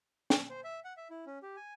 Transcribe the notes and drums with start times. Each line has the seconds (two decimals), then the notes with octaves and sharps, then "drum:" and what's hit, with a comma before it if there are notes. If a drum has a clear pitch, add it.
0.30 drum: snare
0.50 C5
0.64 E5
0.84 F#5
0.97 E5
1.10 E4
1.26 C#4
1.43 G4
1.56 G#5